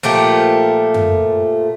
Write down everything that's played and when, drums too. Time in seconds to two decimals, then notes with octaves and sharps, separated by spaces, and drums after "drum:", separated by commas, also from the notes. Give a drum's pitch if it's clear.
0.03 A#2 F3 A3 G4
0.94 drum: tom F#2